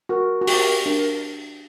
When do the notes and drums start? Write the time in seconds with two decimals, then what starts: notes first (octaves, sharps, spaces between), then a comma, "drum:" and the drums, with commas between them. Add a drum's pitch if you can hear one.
0.09 F#4 A#4
0.41 F#4
0.47 G4, drum: open hi-hat
0.86 D4